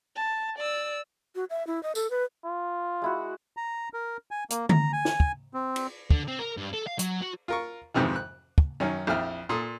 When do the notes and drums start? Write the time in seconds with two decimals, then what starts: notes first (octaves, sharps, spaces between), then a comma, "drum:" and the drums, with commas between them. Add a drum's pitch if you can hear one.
0.16 A5
0.58 D5 E6
1.35 F#4
1.50 E5
1.67 E4
1.83 D#5
1.95 A4, drum: tambourine
2.10 B4
2.45 F4
3.02 G#3 E4 F#4
3.57 A#5
3.93 A#4
4.31 G#5
4.50 A#3, drum: hi-hat
4.69 A#5, drum: tom D3
4.93 G#5
5.05 drum: snare
5.20 drum: kick
5.54 C4
5.76 drum: cymbal
6.11 D3, drum: kick
6.28 C4
6.39 A#4
6.58 G2
6.74 A4
6.87 F5
6.99 F#3, drum: hi-hat
7.22 F#4
7.48 F4 A#4 C#6
7.94 F2 G#2 C3 D#3 E3
8.16 F#6
8.58 drum: kick
8.80 F#2 D#3 C#4
9.07 A#1 F2 E4 G5 F6
9.49 A#2 A4 C6 D#6